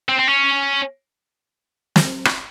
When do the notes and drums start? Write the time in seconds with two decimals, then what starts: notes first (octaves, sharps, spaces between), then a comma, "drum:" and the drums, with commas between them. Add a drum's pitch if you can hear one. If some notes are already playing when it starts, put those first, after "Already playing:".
0.09 C4
0.19 C4
0.28 C#4
1.96 drum: snare
2.25 drum: rim click